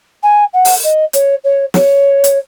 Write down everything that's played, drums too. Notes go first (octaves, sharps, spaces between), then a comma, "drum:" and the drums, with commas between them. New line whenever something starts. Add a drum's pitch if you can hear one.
G#5
F#5
drum: open hi-hat
D#5
C#5, drum: hi-hat
C#5
C#5, drum: snare
drum: hi-hat